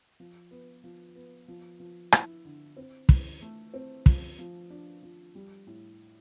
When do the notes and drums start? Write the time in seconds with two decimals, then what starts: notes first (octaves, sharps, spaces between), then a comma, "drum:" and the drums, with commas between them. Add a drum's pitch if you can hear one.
0.20 F3
0.51 B3
0.84 F3
1.16 B3
1.48 F3
1.80 F3
2.12 E4, drum: rim click
2.45 D3
2.77 C4
3.09 E3, drum: kick
3.42 A3
3.74 C4
4.06 F3, drum: kick
4.39 F3
4.70 D4
5.03 F3
5.35 G3
5.67 A2